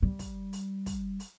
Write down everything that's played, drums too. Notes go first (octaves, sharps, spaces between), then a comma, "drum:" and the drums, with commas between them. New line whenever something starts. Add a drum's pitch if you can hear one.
G3
drum: kick, open hi-hat
drum: open hi-hat
drum: kick, open hi-hat
drum: open hi-hat